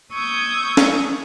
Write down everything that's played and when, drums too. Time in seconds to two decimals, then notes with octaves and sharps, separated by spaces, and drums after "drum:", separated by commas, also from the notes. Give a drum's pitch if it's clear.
0.11 C#6 D#6 E6 G6 G#6
0.77 drum: snare C#4